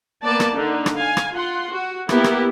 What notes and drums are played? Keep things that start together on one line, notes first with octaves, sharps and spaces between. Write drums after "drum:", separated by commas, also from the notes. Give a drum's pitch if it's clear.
A#3 B3 D5 A5
drum: rim click
D3 D#4
drum: rim click
F5 G#5
drum: rim click
F4 F#5 C6
F#4
A#3 B3 E4 G4 A#4, drum: rim click
drum: rim click